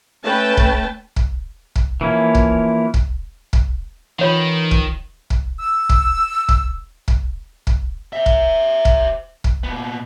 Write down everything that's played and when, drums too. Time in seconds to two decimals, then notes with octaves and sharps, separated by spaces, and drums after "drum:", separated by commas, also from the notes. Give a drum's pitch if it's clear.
0.24 A3 C#4 B4 G5 A5
0.57 drum: kick
1.16 drum: kick
1.76 drum: kick
2.01 E3 F3 A#3 C#4 E4
2.35 drum: kick
2.94 drum: kick
3.53 drum: kick
4.19 D#3 E3 F4 C#5 F#5
4.71 drum: kick
5.30 drum: kick
5.60 E6
5.89 drum: kick
6.49 drum: kick
7.08 drum: kick
7.67 drum: kick
8.13 C5 E5
8.26 drum: kick
8.85 drum: kick
9.44 drum: kick
9.63 A#2 B3